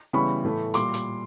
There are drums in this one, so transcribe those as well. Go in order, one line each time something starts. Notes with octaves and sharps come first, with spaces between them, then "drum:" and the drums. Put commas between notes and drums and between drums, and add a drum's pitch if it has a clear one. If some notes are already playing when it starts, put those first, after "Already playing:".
C#3 E3 G3 B3 B5 C#6
A2 E3 A3
A#2 G3 C6 D6, drum: hi-hat
drum: hi-hat